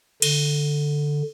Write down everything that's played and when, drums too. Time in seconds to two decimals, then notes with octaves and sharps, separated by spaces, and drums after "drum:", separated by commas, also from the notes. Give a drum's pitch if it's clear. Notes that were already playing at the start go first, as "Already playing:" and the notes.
0.22 D3, drum: cymbal